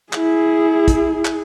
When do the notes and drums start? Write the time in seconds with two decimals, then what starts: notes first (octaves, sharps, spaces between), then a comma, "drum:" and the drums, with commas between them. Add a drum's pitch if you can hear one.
0.13 E4 G#4, drum: clap
0.88 drum: kick, hi-hat
1.25 drum: clap